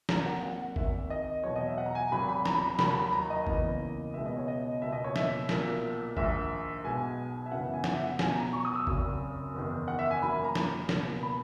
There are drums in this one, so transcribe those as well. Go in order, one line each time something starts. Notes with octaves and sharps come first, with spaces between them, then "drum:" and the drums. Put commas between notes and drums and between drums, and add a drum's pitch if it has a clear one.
G#1 G#2 F#3 A#3 A#5, drum: snare
F#5
F#5
G#1 G#2 D#3 E5, drum: kick A1
D#5
E2 B2 F#3 C#5
D#5
E5
F#5
A#5
G#5
G#1 G#2 F#3 B5
B5
A#5, drum: snare
B5
A#5
D#2 D#3 F#3 B5, drum: snare
B5
B5
A#5
D#5
E2 C#3 E3 A#3, drum: kick A1
C#2 B2 G#3 B3 E5
D#5
C#5
D#5
C#2 B2 A#3 E5
D#5
C#5
E5, drum: snare
B1 A#2 A#3, drum: snare
A#1 G#2 D#3 E5, drum: kick A1
B1 B2 G#3 B3 G#5
E5
F#2 C#3 E3 B3 F#5
E5
G#5
F#5, drum: snare
E5
F#5
B1 B2 F#3 G#5, drum: snare
A#5
C#6
D#6
E6
G#1 F#2 C#3, drum: kick A1
F#1 E2 D#3
F#5
E5
G#5
F#2 D#3 A#3 B5
B5
A#5
drum: snare
C#2 B2 A#3, drum: snare
B5